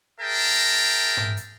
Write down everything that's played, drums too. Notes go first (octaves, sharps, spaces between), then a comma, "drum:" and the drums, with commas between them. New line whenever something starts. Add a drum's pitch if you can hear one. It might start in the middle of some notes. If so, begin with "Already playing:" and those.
G#4 A#4 E5 G5 A5 A#5
drum: tom G#2
drum: hi-hat